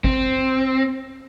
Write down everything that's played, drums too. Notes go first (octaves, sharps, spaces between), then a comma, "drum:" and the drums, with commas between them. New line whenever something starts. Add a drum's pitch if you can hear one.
C4, drum: kick